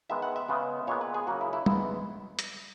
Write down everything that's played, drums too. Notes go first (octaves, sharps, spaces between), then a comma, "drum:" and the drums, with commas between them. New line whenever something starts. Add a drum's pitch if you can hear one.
D#3 G#3 B3 E5
F#5
E5
C#3 G#3 B3
A#2 G#3 B3 C#5
B4
G#4
C#3 F#3 A#3 F#4
E4
E4
G#3 B3 E4, drum: tom G3
drum: hi-hat